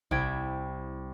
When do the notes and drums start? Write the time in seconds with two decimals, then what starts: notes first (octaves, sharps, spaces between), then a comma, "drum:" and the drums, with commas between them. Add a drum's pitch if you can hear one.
0.11 C2 E4 G5 G#6, drum: kick A1